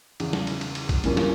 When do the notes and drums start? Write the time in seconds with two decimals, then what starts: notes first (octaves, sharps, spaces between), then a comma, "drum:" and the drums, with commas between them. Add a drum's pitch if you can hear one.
0.20 E2 C#3 E3, drum: cymbal
0.33 drum: snare
0.47 drum: cymbal
0.61 drum: cymbal
0.75 drum: cymbal
0.89 drum: kick A#1, cymbal
1.04 G2 E3 A#3 C#4 F4, drum: cymbal
1.17 drum: snare